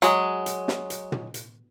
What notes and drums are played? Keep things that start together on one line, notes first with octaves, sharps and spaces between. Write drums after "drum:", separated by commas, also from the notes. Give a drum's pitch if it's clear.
F#3 G#3, drum: hi-hat
drum: hi-hat
drum: snare
drum: hi-hat
drum: tom
drum: hi-hat